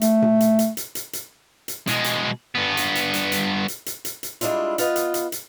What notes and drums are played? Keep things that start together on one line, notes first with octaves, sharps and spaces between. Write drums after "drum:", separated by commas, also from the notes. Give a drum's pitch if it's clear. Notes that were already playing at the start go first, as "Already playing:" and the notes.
A3, drum: hi-hat
drum: tom A#2
drum: hi-hat
drum: hi-hat
drum: hi-hat
drum: hi-hat
drum: hi-hat
drum: hi-hat
B2 G#3, drum: hi-hat
drum: hi-hat
G2 B3
drum: hi-hat
drum: hi-hat
drum: hi-hat
drum: hi-hat
drum: hi-hat
drum: hi-hat
drum: hi-hat
drum: hi-hat
G3 G#3 D4 E4 F4, drum: hi-hat
B3 F4 B4 D#5, drum: hi-hat
drum: hi-hat
drum: hi-hat
drum: hi-hat